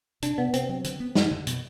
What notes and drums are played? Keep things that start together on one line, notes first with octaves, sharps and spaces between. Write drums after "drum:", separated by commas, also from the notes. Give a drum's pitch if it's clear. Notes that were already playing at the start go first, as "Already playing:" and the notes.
C3 D4, drum: hi-hat
C3 B3
C3 C4, drum: hi-hat
F#3
D3, drum: hi-hat
B3
G2, drum: snare
D3
B2, drum: hi-hat